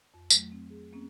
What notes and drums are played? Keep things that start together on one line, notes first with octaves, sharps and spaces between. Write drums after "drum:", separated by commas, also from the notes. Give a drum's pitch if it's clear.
F2
F#3 A3, drum: tambourine
C4
G#4
A#3 C4 C#4